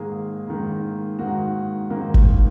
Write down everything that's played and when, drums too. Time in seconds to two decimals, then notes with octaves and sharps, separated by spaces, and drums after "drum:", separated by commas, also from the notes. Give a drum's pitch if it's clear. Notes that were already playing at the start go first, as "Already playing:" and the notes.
Already playing: G#2 D#3 A#3 G#4
0.48 G#2 D#3 A#3
1.19 G#2 D#3 A#3 F#4
1.90 G#2 D#3 A#3
2.14 drum: kick